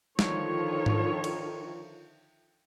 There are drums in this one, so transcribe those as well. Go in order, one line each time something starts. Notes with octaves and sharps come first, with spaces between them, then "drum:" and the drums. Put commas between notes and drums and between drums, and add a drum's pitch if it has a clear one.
D3 D#3 F3 F4 C#5, drum: snare
drum: tom G#2
drum: cymbal